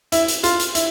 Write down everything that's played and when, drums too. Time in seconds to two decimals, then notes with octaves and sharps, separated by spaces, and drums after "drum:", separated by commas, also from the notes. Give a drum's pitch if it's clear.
0.12 E4, drum: hi-hat
0.28 drum: hi-hat
0.43 F4, drum: hi-hat
0.59 drum: hi-hat
0.75 E4, drum: hi-hat